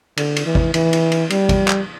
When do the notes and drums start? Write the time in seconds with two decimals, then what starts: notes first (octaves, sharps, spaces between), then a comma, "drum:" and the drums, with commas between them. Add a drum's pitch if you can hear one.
0.17 D3, drum: cymbal
0.36 drum: cymbal
0.46 E3
0.55 drum: kick
0.74 E3, drum: cymbal
0.93 drum: cymbal
1.12 drum: cymbal
1.30 G3, drum: cymbal
1.49 drum: kick, cymbal
1.68 drum: clap